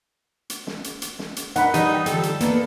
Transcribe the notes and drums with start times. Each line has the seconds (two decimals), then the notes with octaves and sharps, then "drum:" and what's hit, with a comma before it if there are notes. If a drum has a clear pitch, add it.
0.50 drum: hi-hat
0.67 drum: snare
0.84 drum: hi-hat
1.02 drum: hi-hat
1.19 drum: snare
1.36 drum: hi-hat
1.56 D4 D#4 A#4 F#5 B5, drum: hi-hat
1.74 E3 G3 D#4 G4 D#5, drum: hi-hat
1.93 G5
2.06 D3 F3 G4 A4, drum: hi-hat
2.23 drum: hi-hat
2.40 E3 A#3 B3 D4 B4, drum: hi-hat